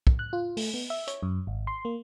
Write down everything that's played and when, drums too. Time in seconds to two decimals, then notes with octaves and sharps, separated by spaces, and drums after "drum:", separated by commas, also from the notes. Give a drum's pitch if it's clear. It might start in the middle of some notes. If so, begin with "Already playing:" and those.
0.07 drum: kick
0.19 F#6
0.33 F4
0.57 A3, drum: open hi-hat
0.74 B3
0.90 E5
1.08 C#5, drum: hi-hat
1.23 F#2
1.47 G#1
1.67 C6
1.85 A#3